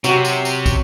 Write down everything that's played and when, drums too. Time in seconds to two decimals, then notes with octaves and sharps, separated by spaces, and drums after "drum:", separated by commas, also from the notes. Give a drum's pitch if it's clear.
0.04 C3 F#3 F#4, drum: tambourine
0.25 drum: tambourine
0.45 drum: tambourine
0.66 drum: kick, tambourine